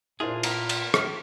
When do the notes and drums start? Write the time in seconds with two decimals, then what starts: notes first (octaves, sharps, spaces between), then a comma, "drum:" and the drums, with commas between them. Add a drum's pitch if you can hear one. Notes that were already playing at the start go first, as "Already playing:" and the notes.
0.20 A#2 D4 E4 F4 G#4 A#4 C5
0.43 A#3 B3 A#4 A#5, drum: cymbal
0.69 drum: cymbal
0.94 F6, drum: rim click